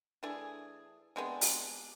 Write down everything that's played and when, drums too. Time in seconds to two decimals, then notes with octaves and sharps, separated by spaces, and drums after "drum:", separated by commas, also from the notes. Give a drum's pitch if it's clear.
0.23 E3 A3 D4 G#4
1.16 C3 G#3 B3 D4
1.41 drum: open hi-hat